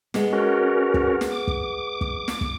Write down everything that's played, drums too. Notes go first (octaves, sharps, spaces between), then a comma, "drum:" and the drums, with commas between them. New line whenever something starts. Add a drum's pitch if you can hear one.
G#3 B3, drum: snare
C#4 F#4 A#4
drum: kick
drum: snare
D6
drum: kick
drum: kick
drum: snare
drum: kick